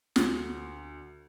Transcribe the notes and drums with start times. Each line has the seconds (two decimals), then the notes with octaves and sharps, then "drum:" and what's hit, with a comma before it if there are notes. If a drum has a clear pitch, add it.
0.16 D2, drum: snare